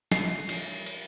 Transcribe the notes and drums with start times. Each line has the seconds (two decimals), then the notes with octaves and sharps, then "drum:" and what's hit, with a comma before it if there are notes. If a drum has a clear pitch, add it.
0.12 C7, drum: snare
0.49 drum: cymbal
0.86 drum: cymbal